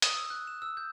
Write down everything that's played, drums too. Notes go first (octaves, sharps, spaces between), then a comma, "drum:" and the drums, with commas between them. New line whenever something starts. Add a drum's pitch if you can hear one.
D#6, drum: hi-hat
E6
F#6
E7
E6
G6